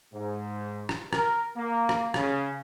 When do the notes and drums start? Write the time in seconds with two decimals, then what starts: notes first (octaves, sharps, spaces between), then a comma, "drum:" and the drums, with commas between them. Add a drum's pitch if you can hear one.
0.13 G#2
0.89 drum: rim click
1.13 A#4, drum: rim click
1.56 A#3
1.89 drum: rim click
2.14 C#3, drum: rim click